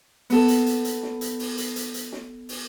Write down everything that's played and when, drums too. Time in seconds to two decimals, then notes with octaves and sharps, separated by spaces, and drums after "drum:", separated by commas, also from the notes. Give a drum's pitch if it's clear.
0.30 B3 A4, drum: open hi-hat
0.48 drum: hi-hat
0.66 drum: hi-hat
0.85 drum: hi-hat
1.03 drum: snare
1.21 drum: hi-hat
1.39 drum: open hi-hat
1.58 drum: hi-hat
1.76 drum: hi-hat
1.94 drum: hi-hat
2.12 drum: snare
2.49 drum: open hi-hat